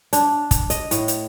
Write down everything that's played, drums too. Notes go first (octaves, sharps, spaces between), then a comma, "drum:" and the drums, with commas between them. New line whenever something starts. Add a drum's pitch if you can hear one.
D4, drum: hi-hat
drum: kick, hi-hat
D#5, drum: hi-hat
A2, drum: hi-hat
drum: hi-hat